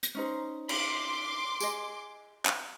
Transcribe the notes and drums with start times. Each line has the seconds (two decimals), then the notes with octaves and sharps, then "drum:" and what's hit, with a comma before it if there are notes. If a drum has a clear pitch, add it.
0.03 drum: hi-hat
0.15 C#4 D#4 C5
0.69 C6 D6, drum: cymbal
1.60 G#4 D#5, drum: tambourine
2.45 drum: clap